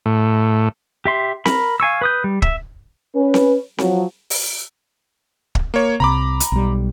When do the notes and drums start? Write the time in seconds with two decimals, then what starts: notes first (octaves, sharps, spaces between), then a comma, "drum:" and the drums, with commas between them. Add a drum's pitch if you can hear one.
0.06 A2
1.06 G4 E5 C6
1.46 A#4 B5, drum: snare C4
1.80 F5 G#5 C#6 E6
2.02 B4 D#6 G6
2.24 G3
2.42 E5, drum: kick
3.16 C#4 B4
3.34 drum: snare C4
3.78 F3 F#3, drum: snare C4
4.30 drum: open hi-hat
5.55 drum: kick
5.74 A#3 C#5
6.00 C2 C3 A#5 B5 D6
6.40 drum: hi-hat
6.52 B1 G3